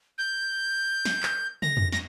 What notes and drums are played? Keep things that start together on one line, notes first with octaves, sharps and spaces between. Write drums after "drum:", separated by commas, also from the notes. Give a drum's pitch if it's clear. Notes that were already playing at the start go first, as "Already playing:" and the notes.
G6
drum: snare
drum: clap
A#6, drum: tom
drum: tom F2
A#6, drum: snare